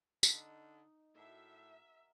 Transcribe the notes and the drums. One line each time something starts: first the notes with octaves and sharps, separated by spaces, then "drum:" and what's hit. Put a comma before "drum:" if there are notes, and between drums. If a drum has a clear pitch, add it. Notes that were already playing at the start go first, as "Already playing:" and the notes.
D3 D#4, drum: tambourine
A2 F#4 A#4 D5 E5